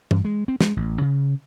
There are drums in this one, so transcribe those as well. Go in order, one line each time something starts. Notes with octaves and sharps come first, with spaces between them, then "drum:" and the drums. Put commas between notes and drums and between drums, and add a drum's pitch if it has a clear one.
G2, drum: tom
G#3
C4
G#3, drum: snare
A1
C#3